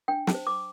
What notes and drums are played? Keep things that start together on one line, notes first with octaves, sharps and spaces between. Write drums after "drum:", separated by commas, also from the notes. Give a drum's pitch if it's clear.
D4 G5
A5, drum: snare
C5
D6